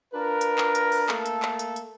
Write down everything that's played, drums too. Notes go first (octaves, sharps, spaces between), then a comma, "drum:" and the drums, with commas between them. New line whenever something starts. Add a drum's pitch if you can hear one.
D4 F4 A#4 B4
drum: hi-hat
drum: clap
drum: hi-hat
drum: open hi-hat
A3 A#3 A4, drum: clap
drum: hi-hat
drum: clap
drum: hi-hat
drum: hi-hat